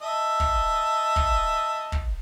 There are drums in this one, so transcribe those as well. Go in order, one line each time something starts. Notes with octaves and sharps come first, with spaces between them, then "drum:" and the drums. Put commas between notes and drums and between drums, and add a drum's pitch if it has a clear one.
D#5 E5 A5
drum: kick
drum: kick
drum: kick